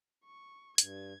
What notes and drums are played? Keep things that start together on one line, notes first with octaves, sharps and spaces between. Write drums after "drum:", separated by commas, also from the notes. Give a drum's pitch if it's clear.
C#6
G2 G#6, drum: hi-hat